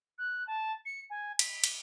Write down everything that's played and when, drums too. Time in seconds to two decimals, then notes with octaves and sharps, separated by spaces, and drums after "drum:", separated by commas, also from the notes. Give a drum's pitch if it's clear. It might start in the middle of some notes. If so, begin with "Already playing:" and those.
0.18 F#6
0.47 A5
0.86 C#7
1.10 G#5
1.39 B6, drum: cymbal
1.64 drum: cymbal